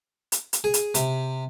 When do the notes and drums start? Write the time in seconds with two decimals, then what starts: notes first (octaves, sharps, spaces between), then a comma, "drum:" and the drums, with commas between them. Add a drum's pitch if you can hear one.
0.32 drum: hi-hat
0.53 drum: hi-hat
0.64 G#4
0.74 drum: hi-hat
0.95 C3, drum: hi-hat